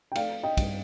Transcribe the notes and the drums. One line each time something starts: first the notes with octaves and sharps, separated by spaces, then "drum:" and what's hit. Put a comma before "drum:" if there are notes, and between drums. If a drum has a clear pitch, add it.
G5
A3 D5 F5, drum: cymbal
D#5 G5
G2, drum: kick, cymbal